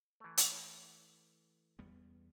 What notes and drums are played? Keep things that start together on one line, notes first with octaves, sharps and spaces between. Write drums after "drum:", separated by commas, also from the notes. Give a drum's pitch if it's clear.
E3 A3
drum: hi-hat
E2 G3 B3